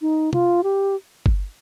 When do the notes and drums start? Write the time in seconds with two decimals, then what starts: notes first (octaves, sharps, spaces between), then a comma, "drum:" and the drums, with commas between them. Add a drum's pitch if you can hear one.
0.01 D#4
0.33 F4, drum: tom
0.63 G4
1.26 drum: kick G1